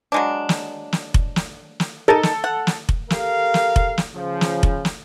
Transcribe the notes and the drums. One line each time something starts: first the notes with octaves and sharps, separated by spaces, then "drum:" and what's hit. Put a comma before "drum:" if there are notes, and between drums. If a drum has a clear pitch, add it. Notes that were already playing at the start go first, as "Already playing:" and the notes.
F#3 G#3 D4
drum: snare
drum: snare
drum: kick F1
drum: snare
drum: snare
D#4 A4 A#4 A6
drum: snare
F#5
drum: snare
drum: kick F1
G4 A4 A#4 F5, drum: snare
drum: snare
drum: kick F1
drum: snare
C#3 F3
drum: snare
drum: kick F1
drum: snare